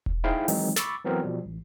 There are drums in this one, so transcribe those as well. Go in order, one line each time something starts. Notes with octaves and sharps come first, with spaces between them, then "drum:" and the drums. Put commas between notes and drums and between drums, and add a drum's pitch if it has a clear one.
drum: kick E1
D#4 E4 G#4 C5 F5 G5
D#3 E3 F#3 G#3 C4 D#4, drum: open hi-hat
B5 C#6 D6 E6 A6, drum: snare
E3 F#3 B3 C4 A#4 C5
B2 F3 G3
A1